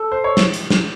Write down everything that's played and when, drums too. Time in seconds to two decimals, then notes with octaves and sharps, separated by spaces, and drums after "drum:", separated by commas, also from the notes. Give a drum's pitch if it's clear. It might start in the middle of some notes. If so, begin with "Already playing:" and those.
Already playing: A4
0.12 C5
0.24 C#5
0.37 drum: snare
0.54 drum: hi-hat
0.70 drum: snare